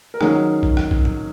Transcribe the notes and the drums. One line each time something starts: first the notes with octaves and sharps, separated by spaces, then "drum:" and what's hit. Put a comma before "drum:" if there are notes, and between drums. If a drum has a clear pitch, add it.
A#4
D#3 F#3 C#4 G#4, drum: rim click
drum: kick A1
drum: rim click
drum: kick A1
drum: tom A2